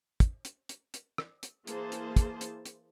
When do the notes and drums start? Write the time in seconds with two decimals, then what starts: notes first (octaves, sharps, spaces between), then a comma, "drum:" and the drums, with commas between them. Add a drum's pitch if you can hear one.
0.20 drum: kick, hi-hat
0.45 drum: hi-hat
0.69 drum: hi-hat
0.94 drum: hi-hat
1.18 drum: rim click
1.43 drum: hi-hat
1.67 E3 A#3 G#4 C5 A5, drum: hi-hat
1.92 drum: hi-hat
2.16 drum: kick, hi-hat
2.41 drum: hi-hat
2.65 drum: hi-hat